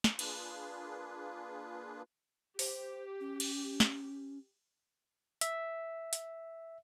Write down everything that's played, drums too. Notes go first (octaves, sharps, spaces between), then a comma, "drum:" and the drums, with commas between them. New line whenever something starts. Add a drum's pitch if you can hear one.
drum: snare
A#3 D4 F4 G#4 B4, drum: cymbal
G4 C5, drum: open hi-hat
C#4
drum: cymbal
drum: snare
E5, drum: hi-hat
drum: hi-hat